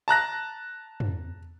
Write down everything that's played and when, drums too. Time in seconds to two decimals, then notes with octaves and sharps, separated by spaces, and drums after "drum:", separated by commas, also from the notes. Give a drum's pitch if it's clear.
0.08 A5 A#5 F#6 A#6
1.00 drum: tom